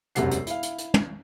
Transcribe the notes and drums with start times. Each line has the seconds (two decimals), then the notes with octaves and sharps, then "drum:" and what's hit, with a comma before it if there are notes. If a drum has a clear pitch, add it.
0.15 E1 C2 F#2 C3 F#5 C7, drum: hi-hat
0.31 drum: hi-hat
0.47 E4 F5, drum: hi-hat
0.63 drum: hi-hat
0.78 drum: hi-hat
0.94 drum: tom